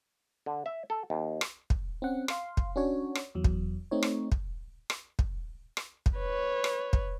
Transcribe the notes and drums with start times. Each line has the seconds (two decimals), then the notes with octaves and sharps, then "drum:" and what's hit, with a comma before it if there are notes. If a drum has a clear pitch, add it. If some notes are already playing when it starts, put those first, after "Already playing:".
0.46 D3
0.66 E5
0.90 A4
1.10 D#2
1.41 drum: rim click
1.70 drum: kick
2.02 C4 C#4 F#5
2.28 F5 C6, drum: rim click
2.57 drum: kick
2.76 C#4 D4 F#4 C#5
3.15 drum: rim click
3.35 E2 F#3
3.44 drum: kick
3.91 A3 C4 D#4 C#5
4.03 drum: rim click
4.32 drum: kick
4.90 drum: rim click
5.19 drum: kick
5.77 drum: rim click
6.06 drum: kick
6.17 B4 C#5
6.64 drum: rim click
6.93 drum: kick